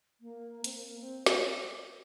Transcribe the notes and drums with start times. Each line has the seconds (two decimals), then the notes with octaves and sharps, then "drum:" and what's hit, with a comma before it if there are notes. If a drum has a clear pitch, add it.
0.21 A#3
0.64 C4, drum: hi-hat
0.73 A#3
1.00 C4
1.26 C5, drum: snare